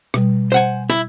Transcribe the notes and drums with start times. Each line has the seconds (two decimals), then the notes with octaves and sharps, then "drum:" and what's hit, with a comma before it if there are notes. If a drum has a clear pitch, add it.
0.14 B2 G3, drum: rim click
0.52 C5 F#5 G#5
0.90 E4, drum: snare